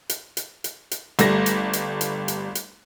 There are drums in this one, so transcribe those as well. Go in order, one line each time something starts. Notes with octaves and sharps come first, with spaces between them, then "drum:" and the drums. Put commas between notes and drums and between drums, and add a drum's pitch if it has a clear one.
drum: hi-hat
drum: hi-hat
drum: hi-hat
drum: hi-hat
G1 G3 A3 A#6, drum: hi-hat
drum: hi-hat
drum: hi-hat
drum: hi-hat
drum: hi-hat
drum: hi-hat